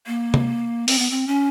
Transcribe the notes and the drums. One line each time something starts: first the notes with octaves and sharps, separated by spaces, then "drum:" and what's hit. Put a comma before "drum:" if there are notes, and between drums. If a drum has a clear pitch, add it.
A#3
drum: tom C3
C4, drum: open hi-hat
B3
C4
C#4